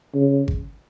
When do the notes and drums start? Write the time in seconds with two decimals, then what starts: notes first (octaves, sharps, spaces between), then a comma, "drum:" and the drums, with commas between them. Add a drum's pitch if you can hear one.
0.15 C#3
0.48 drum: kick G#1